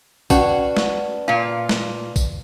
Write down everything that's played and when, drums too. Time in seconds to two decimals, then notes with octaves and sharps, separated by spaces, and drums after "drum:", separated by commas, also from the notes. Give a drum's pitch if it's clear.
0.30 C#4 F#4 B4 D5 A5, drum: kick A1, tambourine
0.77 drum: snare
1.28 A#2 F4 F5
1.69 drum: snare
2.16 drum: kick A1, tambourine